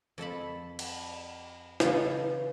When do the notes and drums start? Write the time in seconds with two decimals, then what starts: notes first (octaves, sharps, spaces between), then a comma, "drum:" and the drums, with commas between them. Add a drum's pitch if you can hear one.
0.18 F2 A4 A5 B5
0.79 drum: cymbal
1.80 C#3 E3 D#4 F4 A4, drum: snare